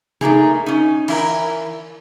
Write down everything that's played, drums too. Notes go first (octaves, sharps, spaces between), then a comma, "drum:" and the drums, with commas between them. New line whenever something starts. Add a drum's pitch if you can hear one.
A3 A#3 D#4 G#4, drum: tom C3
C#4 D#4
E3 E4 A#4, drum: cymbal